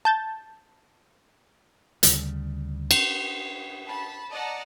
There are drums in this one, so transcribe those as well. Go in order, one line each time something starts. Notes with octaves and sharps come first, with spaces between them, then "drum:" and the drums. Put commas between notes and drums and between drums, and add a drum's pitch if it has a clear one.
A5 G6 A6
D2 C#3 G3, drum: hi-hat
drum: cymbal
A5 B5
D5 D#5 F#5 A5 A#5